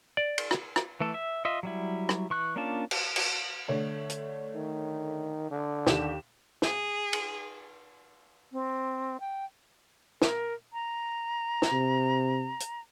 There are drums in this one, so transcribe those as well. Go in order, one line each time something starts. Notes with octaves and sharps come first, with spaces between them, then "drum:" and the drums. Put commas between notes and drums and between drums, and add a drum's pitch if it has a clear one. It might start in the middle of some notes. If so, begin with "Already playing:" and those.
D5
drum: cymbal
drum: rim click
drum: rim click
E3 A3 A4
E5
F4 D#5 E5
F#3 G3 E4
drum: rim click
E3 C#6 F#6
A#3 C#4 D4 F4 A5
drum: cymbal
drum: cymbal
D3 A3 C#5
drum: hi-hat
D#3
D3
D#2 G4 E7, drum: snare
G#4, drum: snare
drum: cymbal
C4
G5
A#4, drum: snare
A#5
drum: snare
C3
drum: hi-hat